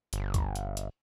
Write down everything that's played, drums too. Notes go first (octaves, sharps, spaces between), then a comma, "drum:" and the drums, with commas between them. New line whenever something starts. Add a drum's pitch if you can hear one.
G1, drum: hi-hat
drum: kick C#2, hi-hat
drum: hi-hat
drum: hi-hat